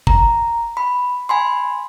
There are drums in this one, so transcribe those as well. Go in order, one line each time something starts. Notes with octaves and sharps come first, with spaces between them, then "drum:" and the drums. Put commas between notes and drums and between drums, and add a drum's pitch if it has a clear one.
A#5, drum: kick G1
B5
G#5 B5 C6